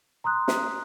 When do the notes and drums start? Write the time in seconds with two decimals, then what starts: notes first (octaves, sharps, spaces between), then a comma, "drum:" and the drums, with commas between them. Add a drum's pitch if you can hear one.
0.24 A#5 C6 D#6 F#6
0.48 drum: snare